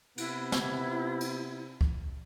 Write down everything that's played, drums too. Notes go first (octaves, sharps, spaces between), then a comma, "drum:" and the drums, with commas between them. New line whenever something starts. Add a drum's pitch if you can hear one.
C3 B3 E4, drum: cymbal
drum: snare
drum: cymbal
drum: kick